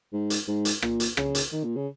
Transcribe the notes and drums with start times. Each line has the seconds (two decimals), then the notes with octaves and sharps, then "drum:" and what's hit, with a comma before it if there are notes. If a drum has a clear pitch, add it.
0.13 G#2
0.30 drum: hi-hat
0.47 G#2
0.65 drum: hi-hat
0.82 A#2, drum: rim click
1.00 drum: hi-hat
1.17 C#3, drum: rim click
1.35 drum: hi-hat
1.52 D#3
1.64 A#2
1.76 C#3